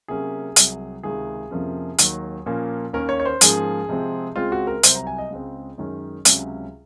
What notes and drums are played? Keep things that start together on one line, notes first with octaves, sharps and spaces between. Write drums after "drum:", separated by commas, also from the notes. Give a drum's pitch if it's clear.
C3 F#3 A#3 C#4 G#4
C2 C3 F#3, drum: hi-hat
C#2 C3 D#3 G#4
F2 C3 F3 A#3 C#4
D#2 D#3 F#3, drum: hi-hat
A#2 F3 A#3 C#4
D#2 D#3 A#3 C#4 A#4
C#5
C#5
C5
G#2 F3 A#3 C#4 G#4, drum: hi-hat
C3 F3 G#3 C4
C#2 C#3 G#3 C4 F4
F#4
A#4
C2 C3 F#3 C5, drum: hi-hat
A#5
G#5
D#5
C#2 C#3 G#3 C4
F#2 D#3 G#3 C#4
C#2 C3 F#3 C#4, drum: hi-hat